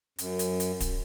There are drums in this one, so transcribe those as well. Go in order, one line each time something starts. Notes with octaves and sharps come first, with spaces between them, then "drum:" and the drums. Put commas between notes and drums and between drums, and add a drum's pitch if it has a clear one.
F#2, drum: hi-hat
drum: hi-hat
drum: hi-hat
drum: kick D1, hi-hat